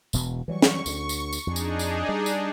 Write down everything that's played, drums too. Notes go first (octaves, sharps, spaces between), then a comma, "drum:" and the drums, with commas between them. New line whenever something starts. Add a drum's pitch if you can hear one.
E1 B2 E3, drum: tambourine
E3 F#3 G3 C#6
drum: snare
D2 D3, drum: tambourine
drum: tambourine
drum: tambourine
F2 D4 D#4 G#4
drum: tambourine
drum: tambourine
G3
drum: tambourine